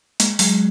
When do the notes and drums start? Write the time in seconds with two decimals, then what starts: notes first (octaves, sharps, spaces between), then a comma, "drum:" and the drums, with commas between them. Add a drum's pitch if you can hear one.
0.20 G#3 A#3, drum: hi-hat
0.39 F#3 G#3, drum: open hi-hat